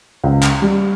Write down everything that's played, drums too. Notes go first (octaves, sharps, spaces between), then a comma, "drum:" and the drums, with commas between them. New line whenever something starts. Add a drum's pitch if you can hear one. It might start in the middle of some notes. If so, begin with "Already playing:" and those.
C#2
drum: clap
G3